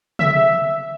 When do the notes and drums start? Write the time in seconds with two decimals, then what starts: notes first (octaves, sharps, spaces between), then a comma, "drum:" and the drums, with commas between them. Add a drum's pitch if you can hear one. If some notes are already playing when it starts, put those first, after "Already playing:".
0.19 E5, drum: tom C3